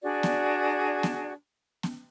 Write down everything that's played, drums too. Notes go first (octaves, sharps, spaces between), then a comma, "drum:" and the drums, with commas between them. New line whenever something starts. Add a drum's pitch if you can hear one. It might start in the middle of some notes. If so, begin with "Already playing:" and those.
D4 F#4 G#4 D5
drum: snare B3
drum: snare B3
drum: snare B3